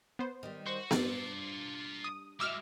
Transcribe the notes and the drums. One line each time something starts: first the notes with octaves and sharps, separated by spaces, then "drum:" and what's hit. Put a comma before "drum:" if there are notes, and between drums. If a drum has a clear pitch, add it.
B3 C5
D#3 G3
F#4 C5
G2 F4 D5, drum: snare B3
D#6
G#3 E4 F#4 G4 E5 D6 E6 F6